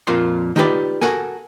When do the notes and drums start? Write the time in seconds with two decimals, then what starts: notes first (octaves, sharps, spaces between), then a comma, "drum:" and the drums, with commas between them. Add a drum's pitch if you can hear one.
0.07 F2 A#2 A#3 F4 C5 C6
0.56 D#4 F4 G4 B4 D5, drum: tom D#3
1.01 F#4 A4 A#4 G#5, drum: snare